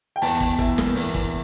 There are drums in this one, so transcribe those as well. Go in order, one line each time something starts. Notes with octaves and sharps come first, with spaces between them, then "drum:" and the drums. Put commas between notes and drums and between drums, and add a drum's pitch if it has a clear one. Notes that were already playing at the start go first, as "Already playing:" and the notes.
G5
E2 A5, drum: open hi-hat
E2, drum: kick
E3, drum: kick, hi-hat
A#3, drum: snare
E2, drum: open hi-hat
E2, drum: kick